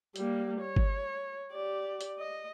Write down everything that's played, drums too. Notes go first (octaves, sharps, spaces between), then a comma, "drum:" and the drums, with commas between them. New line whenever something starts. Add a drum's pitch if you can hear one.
G3 A#3, drum: hi-hat
C#5
drum: kick G1
G4 D5
drum: hi-hat
D#5